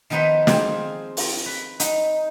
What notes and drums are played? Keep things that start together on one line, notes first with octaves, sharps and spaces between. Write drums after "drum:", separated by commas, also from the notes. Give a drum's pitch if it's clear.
D#3 F3 B3 D#4 B4 C5
C4 F4 G#4, drum: snare
drum: open hi-hat
B4
D#4, drum: hi-hat